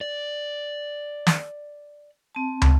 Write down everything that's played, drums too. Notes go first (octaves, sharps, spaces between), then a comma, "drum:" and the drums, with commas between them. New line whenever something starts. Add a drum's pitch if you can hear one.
D5
drum: snare
C4 A5
drum: tom